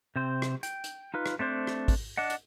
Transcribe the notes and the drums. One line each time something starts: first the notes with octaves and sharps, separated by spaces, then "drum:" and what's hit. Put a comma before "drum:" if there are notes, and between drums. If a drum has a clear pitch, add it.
C3 C4 C5
drum: rim click
G5, drum: hi-hat
drum: hi-hat
D#4 F4 B4
drum: rim click
A3 C4 D4 C5
drum: rim click
drum: kick, open hi-hat
D4 D#5 F#5
drum: hi-hat